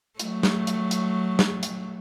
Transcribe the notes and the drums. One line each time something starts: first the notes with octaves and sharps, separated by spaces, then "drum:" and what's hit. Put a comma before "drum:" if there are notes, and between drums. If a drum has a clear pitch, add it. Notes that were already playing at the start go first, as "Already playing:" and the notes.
F#3 A3, drum: hi-hat
drum: snare
drum: hi-hat
drum: hi-hat
drum: snare
drum: hi-hat